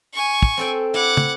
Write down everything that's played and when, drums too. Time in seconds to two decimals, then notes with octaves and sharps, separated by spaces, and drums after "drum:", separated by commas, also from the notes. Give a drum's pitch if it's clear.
0.13 G#5 C#6
0.42 drum: kick
0.57 C4 A4 G5
0.94 E4 F#5 D6
1.17 drum: tom